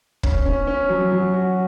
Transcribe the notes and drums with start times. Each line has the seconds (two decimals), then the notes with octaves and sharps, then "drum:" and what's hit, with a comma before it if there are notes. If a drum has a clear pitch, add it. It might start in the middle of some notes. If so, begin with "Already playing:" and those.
0.23 C#4, drum: kick
0.46 C#4
0.67 C#4
0.89 F#3
1.12 F#3
1.33 F#4